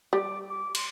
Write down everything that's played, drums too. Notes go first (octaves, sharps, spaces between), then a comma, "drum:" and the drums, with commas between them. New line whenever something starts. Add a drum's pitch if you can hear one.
G3 D6
D6
C6, drum: cymbal